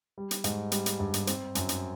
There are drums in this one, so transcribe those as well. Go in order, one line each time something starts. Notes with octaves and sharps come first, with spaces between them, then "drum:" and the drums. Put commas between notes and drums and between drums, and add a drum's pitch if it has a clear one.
G3
drum: hi-hat
G#2, drum: hi-hat
G3, drum: hi-hat
drum: hi-hat
G2
drum: hi-hat
C4, drum: hi-hat
F#2, drum: hi-hat
drum: hi-hat